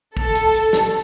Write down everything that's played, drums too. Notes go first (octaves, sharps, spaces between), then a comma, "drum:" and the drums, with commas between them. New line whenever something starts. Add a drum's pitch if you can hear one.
A4, drum: kick
drum: hi-hat
drum: hi-hat
drum: snare